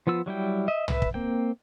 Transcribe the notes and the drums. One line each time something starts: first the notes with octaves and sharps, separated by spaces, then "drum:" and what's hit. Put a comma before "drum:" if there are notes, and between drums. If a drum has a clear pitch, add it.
F3 B3 F4 E6
F#3 G3 E4 G5
D#5 E5
B4 E5, drum: tom
drum: kick
A#3 C4 G5